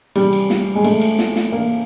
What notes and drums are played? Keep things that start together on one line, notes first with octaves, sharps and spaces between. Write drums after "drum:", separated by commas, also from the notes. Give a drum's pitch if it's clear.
G3, drum: cymbal
drum: cymbal
drum: snare
G#3
A3, drum: cymbal
drum: cymbal
drum: snare
drum: snare
A#3